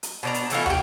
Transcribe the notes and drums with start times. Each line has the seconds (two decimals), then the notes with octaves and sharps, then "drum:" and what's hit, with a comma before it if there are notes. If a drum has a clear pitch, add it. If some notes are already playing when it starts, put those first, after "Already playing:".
0.03 drum: hi-hat
0.23 B2 D4 A#5
0.34 drum: hi-hat
0.50 B2 E3 A3 F4, drum: hi-hat
0.66 F#4 G4, drum: tom